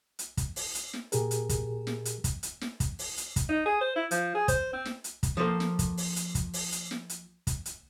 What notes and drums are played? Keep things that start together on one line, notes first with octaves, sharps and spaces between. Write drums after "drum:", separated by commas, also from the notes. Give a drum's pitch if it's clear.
drum: hi-hat
drum: kick, hi-hat
drum: open hi-hat
drum: hi-hat
drum: snare
A#2 G4 G#4 A#4, drum: hi-hat
drum: hi-hat
drum: kick, hi-hat
drum: snare
drum: hi-hat
drum: kick, hi-hat
drum: hi-hat
drum: snare
drum: kick, hi-hat
drum: open hi-hat
drum: hi-hat
drum: kick, hi-hat
D#4
G#4
C5
E4
F3, drum: hi-hat
G#4
C5, drum: kick, hi-hat
C4
drum: snare
drum: hi-hat
drum: kick, hi-hat
F3 A#3 A4 C5
drum: snare
drum: kick, hi-hat
drum: open hi-hat
drum: hi-hat
drum: kick, hi-hat
drum: open hi-hat
drum: hi-hat
drum: snare
drum: hi-hat
drum: kick, hi-hat
drum: hi-hat